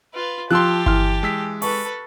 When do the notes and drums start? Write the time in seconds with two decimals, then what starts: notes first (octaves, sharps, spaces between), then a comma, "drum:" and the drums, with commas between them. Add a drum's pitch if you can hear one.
0.14 F4 B4
0.51 F3 G4 A5 C6 E6 F#6
0.86 E3 C6 F6, drum: kick G1
1.23 G#3 E6 B6
1.62 A4 B4 C#6, drum: open hi-hat